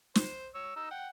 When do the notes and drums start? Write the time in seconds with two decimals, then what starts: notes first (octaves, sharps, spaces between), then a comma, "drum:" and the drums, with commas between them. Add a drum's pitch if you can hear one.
0.15 C5, drum: snare
0.54 C#5 E6
0.76 D#4 E6
0.91 F#5 G5